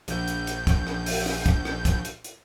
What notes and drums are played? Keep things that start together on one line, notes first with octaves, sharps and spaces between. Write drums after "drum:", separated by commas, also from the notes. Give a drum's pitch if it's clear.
A#1 G6, drum: hi-hat
drum: hi-hat
drum: hi-hat
drum: kick, hi-hat
drum: rim click
drum: open hi-hat
drum: rim click
drum: kick, hi-hat
drum: rim click
drum: kick, hi-hat
drum: hi-hat
drum: hi-hat